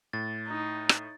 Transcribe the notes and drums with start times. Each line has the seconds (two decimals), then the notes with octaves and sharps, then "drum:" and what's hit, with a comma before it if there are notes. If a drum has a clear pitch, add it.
0.13 A2 A6
0.48 D#4
0.89 drum: rim click